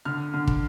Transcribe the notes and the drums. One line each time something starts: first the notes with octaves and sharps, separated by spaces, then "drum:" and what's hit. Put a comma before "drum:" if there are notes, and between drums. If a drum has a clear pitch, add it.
D3 F6
D3
drum: kick